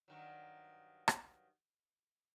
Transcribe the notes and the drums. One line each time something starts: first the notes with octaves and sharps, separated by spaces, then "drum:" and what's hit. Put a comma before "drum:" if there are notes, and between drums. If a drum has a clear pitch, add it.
G2 D#3 F#3
drum: rim click